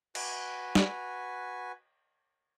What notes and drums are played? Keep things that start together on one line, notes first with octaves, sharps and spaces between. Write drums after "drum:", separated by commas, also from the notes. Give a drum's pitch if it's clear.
F#4 B4 G#5, drum: cymbal
drum: snare